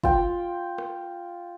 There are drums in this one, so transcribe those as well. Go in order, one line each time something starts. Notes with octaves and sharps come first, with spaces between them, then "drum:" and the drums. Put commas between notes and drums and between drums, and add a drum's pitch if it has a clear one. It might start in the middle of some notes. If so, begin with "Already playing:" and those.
F4 G5, drum: kick
drum: rim click